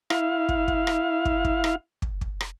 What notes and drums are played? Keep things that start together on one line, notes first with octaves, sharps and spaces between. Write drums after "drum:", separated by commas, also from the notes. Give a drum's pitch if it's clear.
E4 F5, drum: rim click
drum: kick
drum: kick
drum: rim click
drum: kick
drum: kick
drum: rim click
drum: kick
drum: kick
drum: rim click